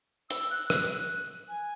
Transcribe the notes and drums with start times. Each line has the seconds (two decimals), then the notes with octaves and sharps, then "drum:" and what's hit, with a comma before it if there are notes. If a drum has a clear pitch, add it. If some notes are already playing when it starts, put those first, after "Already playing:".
0.30 E6, drum: hi-hat
0.51 F#6
0.70 F#6, drum: rim click
1.49 G#5